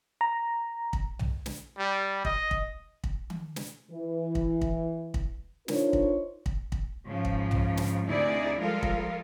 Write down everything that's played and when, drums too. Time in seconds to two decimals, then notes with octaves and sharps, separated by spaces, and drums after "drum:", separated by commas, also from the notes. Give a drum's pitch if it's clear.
0.21 A#5
0.93 drum: kick
1.19 drum: tom
1.46 drum: snare
1.78 G3
2.25 D#5, drum: kick
2.51 drum: kick
3.04 drum: kick
3.30 drum: tom D#3
3.56 drum: snare
3.91 E3
4.35 drum: kick
4.62 drum: kick
5.14 drum: kick
5.68 D4 D#4 F4 A#4 C5 C#5, drum: snare
5.93 drum: kick
6.46 drum: kick
6.72 drum: kick
7.07 G#2 C#3 F3
7.25 drum: kick
7.51 drum: tom
7.77 drum: snare
8.07 D2 C3 D#4 E4 G#4 D5
8.61 F3 G3 G#3 F4 A4 A#4
8.83 drum: kick